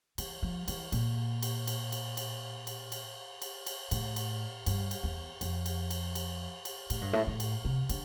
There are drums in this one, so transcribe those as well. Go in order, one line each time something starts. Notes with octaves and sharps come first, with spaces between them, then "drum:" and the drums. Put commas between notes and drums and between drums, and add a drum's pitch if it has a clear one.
E3, drum: cymbal
F3
E3, drum: cymbal
A#2, drum: cymbal
drum: cymbal
drum: cymbal
drum: cymbal
drum: cymbal
drum: cymbal
drum: cymbal
drum: cymbal
drum: cymbal
A2, drum: cymbal
drum: cymbal
G2, drum: cymbal
drum: cymbal
E2
F2, drum: cymbal
drum: cymbal
drum: cymbal
drum: cymbal
drum: cymbal
A2, drum: cymbal
G2
A2
A2
drum: cymbal
C3
D3, drum: cymbal